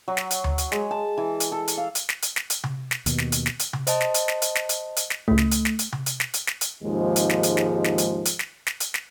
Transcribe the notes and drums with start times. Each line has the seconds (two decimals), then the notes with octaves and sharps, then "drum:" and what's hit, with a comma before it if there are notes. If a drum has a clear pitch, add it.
0.08 F#3
0.17 drum: snare
0.31 drum: hi-hat
0.44 drum: tom D2
0.58 drum: hi-hat
0.72 G#3, drum: snare
0.91 A5
1.18 E3
1.40 drum: hi-hat
1.52 A4
1.68 drum: hi-hat
1.78 F5
1.95 drum: hi-hat
2.09 drum: snare
2.22 drum: hi-hat
2.36 drum: snare
2.50 drum: hi-hat
2.63 drum: tom C3
2.91 drum: snare
3.06 D#2 B2, drum: hi-hat
3.18 drum: snare
3.32 drum: hi-hat
3.46 drum: snare
3.59 drum: hi-hat
3.73 drum: tom C3
3.87 C5 D#5 A5, drum: hi-hat
4.01 drum: snare
4.14 drum: hi-hat
4.28 drum: snare
4.42 drum: hi-hat
4.55 drum: snare
4.69 drum: hi-hat
4.96 drum: hi-hat
5.10 drum: snare
5.28 C#2 A2 A3
5.38 drum: snare
5.51 drum: hi-hat
5.65 drum: snare
5.79 drum: hi-hat
5.92 drum: tom C3
6.06 drum: hi-hat
6.20 drum: snare
6.34 drum: hi-hat
6.47 drum: snare
6.61 drum: hi-hat
6.83 D#2 G#2 C3 F3 G#3
7.16 drum: hi-hat
7.29 drum: snare
7.43 drum: hi-hat
7.57 drum: snare
7.84 drum: snare
7.98 drum: hi-hat
8.25 drum: hi-hat
8.39 drum: snare
8.67 drum: snare
8.80 drum: hi-hat
8.94 drum: snare